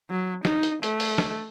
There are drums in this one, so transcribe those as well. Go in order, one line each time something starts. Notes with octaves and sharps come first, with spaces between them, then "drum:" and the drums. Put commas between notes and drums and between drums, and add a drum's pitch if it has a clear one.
F#3
D#4, drum: snare
drum: hi-hat
A3, drum: hi-hat
drum: open hi-hat
drum: snare